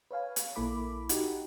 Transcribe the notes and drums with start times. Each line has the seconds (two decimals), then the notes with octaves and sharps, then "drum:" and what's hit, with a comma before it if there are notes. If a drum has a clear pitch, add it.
0.11 B4 C#5 F5 G#5
0.36 drum: hi-hat
0.56 A#1 A#3 E4 A4 B5 D6
1.09 D#4 F#4 G4, drum: hi-hat